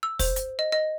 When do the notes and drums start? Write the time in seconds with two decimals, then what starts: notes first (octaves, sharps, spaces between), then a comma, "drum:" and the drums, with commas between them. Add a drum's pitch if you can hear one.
0.03 E6
0.19 C5, drum: kick, open hi-hat
0.36 drum: hi-hat
0.59 D#5
0.72 D#5